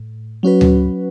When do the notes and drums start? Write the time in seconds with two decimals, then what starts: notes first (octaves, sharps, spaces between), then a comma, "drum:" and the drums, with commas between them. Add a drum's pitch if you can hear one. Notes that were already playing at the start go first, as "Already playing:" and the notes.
Already playing: A2
0.43 F#3 C#4 F#4 B4
0.61 drum: tom D2